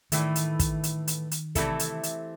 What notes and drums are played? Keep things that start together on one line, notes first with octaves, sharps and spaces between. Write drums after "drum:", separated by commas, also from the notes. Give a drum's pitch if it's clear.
A2 D#3 E3 A3, drum: hi-hat
drum: hi-hat
drum: kick, hi-hat
drum: hi-hat
drum: hi-hat
drum: hi-hat
C3 E3 A3 E4 A4, drum: kick, hi-hat
drum: hi-hat
drum: hi-hat